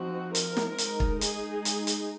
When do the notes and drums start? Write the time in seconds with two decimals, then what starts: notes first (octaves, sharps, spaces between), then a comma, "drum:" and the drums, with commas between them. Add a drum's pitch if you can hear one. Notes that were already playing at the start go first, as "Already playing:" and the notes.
Already playing: F3 C4 D#4 F#4
0.35 A#4, drum: hi-hat
0.57 drum: snare
0.78 G#3 D#4, drum: hi-hat
1.00 drum: kick
1.21 G#4, drum: hi-hat
1.65 drum: hi-hat
1.87 drum: hi-hat